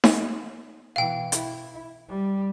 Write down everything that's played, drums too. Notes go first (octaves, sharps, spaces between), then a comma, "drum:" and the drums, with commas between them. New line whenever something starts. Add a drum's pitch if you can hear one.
drum: snare D#4
B2 E3 F5 G5
E4, drum: hi-hat
G3